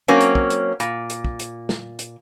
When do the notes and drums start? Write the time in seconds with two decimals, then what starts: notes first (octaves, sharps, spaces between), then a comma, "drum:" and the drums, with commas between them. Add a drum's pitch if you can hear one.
0.08 F#3 A#3 C4 C#4
0.20 drum: hi-hat
0.35 drum: kick
0.50 drum: hi-hat
0.80 A#2, drum: hi-hat
1.10 drum: hi-hat
1.24 drum: kick
1.39 drum: hi-hat
1.69 drum: snare
1.99 drum: hi-hat